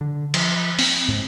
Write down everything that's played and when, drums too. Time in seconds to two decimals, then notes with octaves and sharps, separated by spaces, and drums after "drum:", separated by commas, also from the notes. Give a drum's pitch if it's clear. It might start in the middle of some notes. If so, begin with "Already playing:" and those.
0.01 D3
0.34 F3, drum: cymbal
0.79 C4, drum: open hi-hat
1.08 G#2